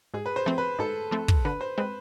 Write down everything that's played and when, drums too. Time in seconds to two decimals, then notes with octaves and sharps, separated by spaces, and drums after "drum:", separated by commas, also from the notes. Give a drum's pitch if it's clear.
0.14 G#2 G#4
0.26 B4
0.36 C5
0.46 F3 A3 C4
0.58 B4
0.79 G#2 A4
1.11 F3 A3 C4
1.28 drum: kick
1.45 D3 B4
1.61 C5
1.78 G#3 C4 B4